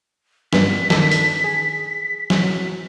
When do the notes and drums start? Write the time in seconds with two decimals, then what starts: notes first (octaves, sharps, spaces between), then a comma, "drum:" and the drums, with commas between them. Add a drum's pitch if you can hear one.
0.53 G2 G3 A#3 B3 F4 B6, drum: snare
0.90 D#3 D4 A4 B4, drum: snare
1.12 drum: hi-hat
1.44 G#4
2.30 E3 F#3, drum: snare